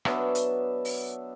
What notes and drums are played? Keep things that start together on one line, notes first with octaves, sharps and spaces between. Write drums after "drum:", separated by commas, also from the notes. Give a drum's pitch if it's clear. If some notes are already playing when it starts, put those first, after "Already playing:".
F#3 B3 D4 E5, drum: rim click
drum: hi-hat
drum: open hi-hat